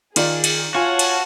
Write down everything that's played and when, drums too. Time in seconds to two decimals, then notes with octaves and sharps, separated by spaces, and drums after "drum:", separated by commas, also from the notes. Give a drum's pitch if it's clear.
0.16 D#3 F4 G#4 D5, drum: cymbal
0.44 drum: cymbal
0.75 F4 F#4 C#5 F5 G#5 A5
0.99 drum: cymbal